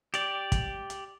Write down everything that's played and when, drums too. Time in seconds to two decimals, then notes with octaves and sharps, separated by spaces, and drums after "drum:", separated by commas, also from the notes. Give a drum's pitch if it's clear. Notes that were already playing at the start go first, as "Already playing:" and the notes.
0.14 G4 D5, drum: hi-hat
0.52 drum: kick, hi-hat
0.90 drum: hi-hat